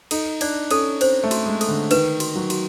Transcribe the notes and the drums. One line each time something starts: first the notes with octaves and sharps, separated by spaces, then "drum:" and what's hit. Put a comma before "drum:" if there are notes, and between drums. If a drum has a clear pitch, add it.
D#4 A4, drum: cymbal
D4 D5, drum: cymbal
C#4 A4, drum: cymbal
C4 C5, drum: cymbal
A3
F#4, drum: cymbal
G#3
A4, drum: cymbal
D3
D#3 B4, drum: cymbal
F#4, drum: cymbal
F#3
F#4, drum: cymbal